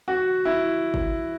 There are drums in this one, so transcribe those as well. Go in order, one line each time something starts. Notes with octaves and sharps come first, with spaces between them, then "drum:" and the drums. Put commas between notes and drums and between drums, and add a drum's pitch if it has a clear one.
F#4
E4
drum: kick G#1